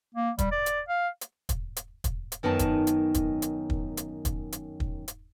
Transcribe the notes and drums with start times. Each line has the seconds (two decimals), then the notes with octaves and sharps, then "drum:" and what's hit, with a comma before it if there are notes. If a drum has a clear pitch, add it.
0.15 A#3
0.38 G3, drum: kick, hi-hat
0.52 D5
0.66 drum: hi-hat
0.89 F5
1.21 drum: hi-hat
1.49 drum: kick, hi-hat
1.76 drum: hi-hat
2.04 drum: kick, hi-hat
2.32 drum: hi-hat
2.43 F#2 D#3 B3 D#4 A5
2.59 drum: kick, hi-hat
2.87 drum: hi-hat
3.14 drum: kick, hi-hat
3.42 drum: hi-hat
3.70 drum: kick
3.97 drum: hi-hat
4.25 drum: kick, hi-hat
4.52 drum: hi-hat
4.80 drum: kick
5.08 drum: hi-hat